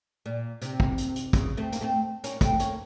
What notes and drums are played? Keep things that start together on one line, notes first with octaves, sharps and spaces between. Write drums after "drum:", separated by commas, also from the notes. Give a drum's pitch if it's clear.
A#2
C3, drum: hi-hat
drum: kick
drum: hi-hat
drum: hi-hat
C#3, drum: kick, hi-hat
A3 C4
A#3, drum: hi-hat
A3 C4
A#3 C#4, drum: hi-hat
A3 C4, drum: kick, hi-hat
A#3 C#4, drum: hi-hat